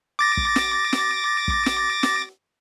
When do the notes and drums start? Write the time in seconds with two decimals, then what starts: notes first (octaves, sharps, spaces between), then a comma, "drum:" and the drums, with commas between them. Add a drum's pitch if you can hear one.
0.19 D6 A6 A#6
0.37 drum: kick
0.56 drum: snare
0.93 drum: snare
1.48 drum: kick
1.66 drum: snare
2.03 drum: snare